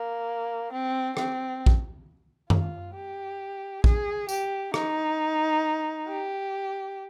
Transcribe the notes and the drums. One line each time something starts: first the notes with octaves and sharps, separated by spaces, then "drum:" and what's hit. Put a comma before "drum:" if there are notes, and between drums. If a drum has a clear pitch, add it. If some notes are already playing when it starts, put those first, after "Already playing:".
Already playing: A#3
C4
C4, drum: rim click
drum: kick A#1
F4, drum: tom F#2
G4
G#4, drum: kick A#1
G4, drum: tambourine
D#4, drum: rim click
G4